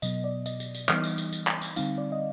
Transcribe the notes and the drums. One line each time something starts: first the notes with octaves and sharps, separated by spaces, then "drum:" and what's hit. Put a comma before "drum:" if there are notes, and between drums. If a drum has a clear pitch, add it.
B2 F#3 B3 D#5, drum: tambourine
D5
D#5, drum: tambourine
drum: tambourine
drum: tambourine
E3 G3 B3 D#4, drum: clap
drum: tambourine
drum: tambourine
drum: tambourine
drum: clap
drum: tambourine
D3 G3 C4 D#4 F5, drum: tambourine
D5
D#5